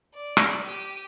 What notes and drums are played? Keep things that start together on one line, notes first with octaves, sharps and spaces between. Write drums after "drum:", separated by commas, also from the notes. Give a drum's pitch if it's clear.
D5
drum: rim click
G4 D#7